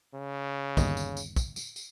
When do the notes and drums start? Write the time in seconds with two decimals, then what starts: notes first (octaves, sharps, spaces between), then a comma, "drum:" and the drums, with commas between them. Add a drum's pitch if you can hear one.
0.14 C#3
0.77 G1 D#2 D#5, drum: kick, tambourine
0.97 drum: tambourine
1.17 drum: tambourine
1.36 drum: kick, tambourine
1.56 drum: tambourine
1.76 drum: tambourine